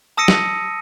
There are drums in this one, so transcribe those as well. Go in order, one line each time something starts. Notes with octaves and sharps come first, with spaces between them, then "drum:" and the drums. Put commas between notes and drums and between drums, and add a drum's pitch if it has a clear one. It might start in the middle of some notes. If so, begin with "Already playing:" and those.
A5 D#6 E6 A#6 C#7 D#7
drum: snare